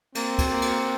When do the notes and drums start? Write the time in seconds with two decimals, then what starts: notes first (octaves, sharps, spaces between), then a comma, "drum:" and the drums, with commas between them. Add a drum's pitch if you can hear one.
0.15 A#3 C4, drum: cymbal
0.39 drum: kick, cymbal
0.50 A#3
0.62 drum: cymbal